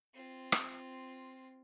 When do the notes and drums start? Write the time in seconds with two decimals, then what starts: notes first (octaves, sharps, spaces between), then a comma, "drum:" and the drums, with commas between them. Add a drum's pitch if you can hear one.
0.14 C4 F4
0.52 drum: rim click